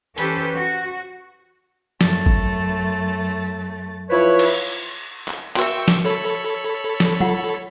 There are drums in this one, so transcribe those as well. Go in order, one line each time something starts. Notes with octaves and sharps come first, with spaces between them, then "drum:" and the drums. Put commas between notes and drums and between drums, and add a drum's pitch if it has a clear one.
E3 C#4 G4 A4 B4 C5, drum: hi-hat
F#4
F#2 A3 A6, drum: snare
drum: kick
F3 E4 B4 C#5
drum: cymbal
drum: clap
F#4 A#4 E5 G5 C#6 E6, drum: clap
drum: snare
A4 C#5 B5 E6
drum: snare
F4 F#5, drum: tom